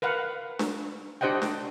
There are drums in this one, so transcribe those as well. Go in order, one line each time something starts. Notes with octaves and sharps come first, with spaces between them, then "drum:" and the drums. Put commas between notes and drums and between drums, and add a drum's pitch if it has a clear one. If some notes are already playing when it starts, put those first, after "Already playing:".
A#4 B4 F5 F#5
drum: snare D4
D4 G4 C5 D#5 F#5 G5
drum: snare D4